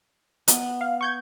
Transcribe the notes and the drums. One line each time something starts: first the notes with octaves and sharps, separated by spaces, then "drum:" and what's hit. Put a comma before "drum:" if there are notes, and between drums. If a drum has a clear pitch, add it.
B3, drum: hi-hat
F5
C#6 G6 G#6